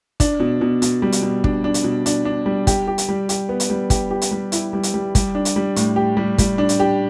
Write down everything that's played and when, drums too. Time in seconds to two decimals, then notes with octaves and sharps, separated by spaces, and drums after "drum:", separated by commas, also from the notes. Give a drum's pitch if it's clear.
0.20 D4, drum: kick, hi-hat
0.40 B2
0.61 B2
0.82 B2, drum: hi-hat
1.02 G3
1.12 drum: hi-hat
1.22 B2
1.44 D4, drum: kick
1.64 D4
1.74 drum: hi-hat
1.84 B2
2.06 D4, drum: hi-hat
2.25 D4
2.46 G3
2.67 G4, drum: kick, hi-hat
2.87 G4
2.98 drum: hi-hat
3.09 G3
3.29 G4, drum: hi-hat
3.49 B3
3.60 drum: hi-hat
3.70 G3
3.90 G4, drum: kick, hi-hat
4.11 G4
4.22 drum: hi-hat
4.31 G3
4.52 E4, drum: hi-hat
4.73 G3
4.83 drum: hi-hat
4.94 G3
5.15 G3, drum: kick, hi-hat
5.35 D4
5.45 drum: hi-hat
5.56 G3
5.76 A2, drum: hi-hat
5.96 G4
6.17 G3
6.38 G3, drum: kick, hi-hat
6.58 D4
6.69 drum: hi-hat
6.80 G4